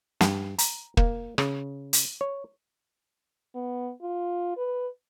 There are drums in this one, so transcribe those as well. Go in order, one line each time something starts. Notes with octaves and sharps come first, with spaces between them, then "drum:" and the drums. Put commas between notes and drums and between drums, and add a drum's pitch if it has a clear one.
G2, drum: snare
A#5, drum: hi-hat
A#3, drum: kick
C#3, drum: rim click
drum: hi-hat
C#5
B3
F4
B4